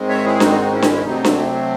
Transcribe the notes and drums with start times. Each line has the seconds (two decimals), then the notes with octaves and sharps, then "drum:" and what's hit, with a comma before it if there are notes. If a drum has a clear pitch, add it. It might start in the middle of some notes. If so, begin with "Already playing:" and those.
Already playing: G#2 D#3 G#3 C4
0.09 C#5 E5
0.25 E4 G#4
0.40 D#4 F#4, drum: snare D4
0.72 C#4 E4
0.82 drum: snare D4
1.04 C3 F#3 A3 C4 D#4
1.25 drum: snare D4